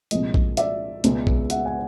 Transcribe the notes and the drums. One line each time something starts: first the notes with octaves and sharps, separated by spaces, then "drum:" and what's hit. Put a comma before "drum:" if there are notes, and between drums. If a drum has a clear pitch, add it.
C2 A#2 F3 G#3 D#5, drum: hi-hat
drum: kick A#1
D5 E5, drum: hi-hat
C#2 B2 G#3 C#4, drum: hi-hat
drum: kick A#1
E5 F#5, drum: hi-hat
F#5 G#5